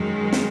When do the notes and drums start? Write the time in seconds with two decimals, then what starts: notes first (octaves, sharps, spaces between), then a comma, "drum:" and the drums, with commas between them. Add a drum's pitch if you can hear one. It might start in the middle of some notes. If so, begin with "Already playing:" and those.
Already playing: F#2 D#3 G#3
0.33 drum: snare